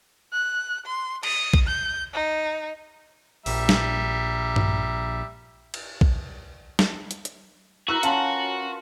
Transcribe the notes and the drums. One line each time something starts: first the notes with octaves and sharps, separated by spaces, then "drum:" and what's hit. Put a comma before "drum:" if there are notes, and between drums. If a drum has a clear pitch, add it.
F#6
C6
D#6, drum: cymbal
drum: kick A#1
G6
D#4
A#1 G3 E5 A#5, drum: open hi-hat
drum: snare
drum: tom G2
drum: cymbal
drum: kick A#1
drum: snare
drum: hi-hat
drum: hi-hat
E4 F#4 A#4 B4 E6
C#4 F4 F5 A5, drum: hi-hat